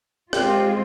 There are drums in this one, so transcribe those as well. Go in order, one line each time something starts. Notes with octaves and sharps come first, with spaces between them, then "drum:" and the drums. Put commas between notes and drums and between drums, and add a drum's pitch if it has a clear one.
G#3 C4 F4 G4, drum: rim click